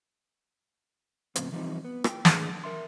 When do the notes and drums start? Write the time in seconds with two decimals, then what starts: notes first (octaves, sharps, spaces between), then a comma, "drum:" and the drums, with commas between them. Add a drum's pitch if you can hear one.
1.36 C#2 A2 C#3 F3 B3 C4, drum: hi-hat
1.52 E3 F3 G3 C4 D#4
1.84 B3
2.04 D5 G5, drum: rim click
2.25 C#2 A2 A3 D4 G#4, drum: snare
2.64 A#4 E5 C6